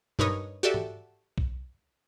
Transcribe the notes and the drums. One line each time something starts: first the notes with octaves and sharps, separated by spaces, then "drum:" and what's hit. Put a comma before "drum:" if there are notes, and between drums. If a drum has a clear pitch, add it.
G2 D#4 A#4 B4 C#5 D#5, drum: tom A#2
F#4 G4 A4 D5 E5
drum: tom G#2
drum: kick B1